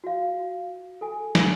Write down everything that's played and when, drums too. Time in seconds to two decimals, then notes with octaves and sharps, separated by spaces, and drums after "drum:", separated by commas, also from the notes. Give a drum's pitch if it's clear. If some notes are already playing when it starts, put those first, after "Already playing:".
0.04 F#4 F5
1.01 A4 G#5
1.35 drum: snare